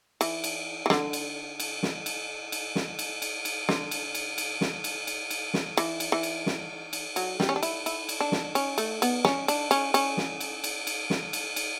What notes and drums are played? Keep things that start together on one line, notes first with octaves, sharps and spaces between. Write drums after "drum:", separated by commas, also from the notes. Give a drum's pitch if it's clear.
E3, drum: cymbal
drum: cymbal
E3
D3, drum: snare
drum: cymbal
drum: cymbal
drum: snare
drum: cymbal
drum: cymbal
drum: snare
drum: cymbal
drum: cymbal
drum: cymbal
D3, drum: snare
drum: cymbal
drum: cymbal
drum: cymbal
drum: snare
drum: cymbal
drum: cymbal
drum: cymbal
drum: snare
E3, drum: cymbal
drum: cymbal
E3
drum: cymbal
drum: snare
drum: cymbal
F#3, drum: cymbal
G3, drum: snare
C#4
D4
E4, drum: cymbal
E4, drum: cymbal
drum: cymbal
D4
drum: snare
C#4, drum: cymbal
A3, drum: cymbal
B3, drum: cymbal
C#4, drum: snare
D4, drum: cymbal
C#4, drum: cymbal
C#4, drum: cymbal
drum: snare
drum: cymbal
drum: cymbal
drum: cymbal
drum: snare
drum: cymbal
drum: cymbal